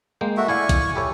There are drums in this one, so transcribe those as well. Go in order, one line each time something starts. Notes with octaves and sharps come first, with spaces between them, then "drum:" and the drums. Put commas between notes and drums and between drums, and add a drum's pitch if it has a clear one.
G#3 A#3 G5
A3 F#4 E5
E4 D5 F5 G#5 C#6
drum: kick, hi-hat
E4 G4 A4 C#5